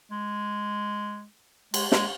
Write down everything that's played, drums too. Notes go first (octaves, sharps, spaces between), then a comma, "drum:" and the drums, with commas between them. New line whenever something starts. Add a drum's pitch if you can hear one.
G#3
G#3, drum: cymbal
G#3, drum: snare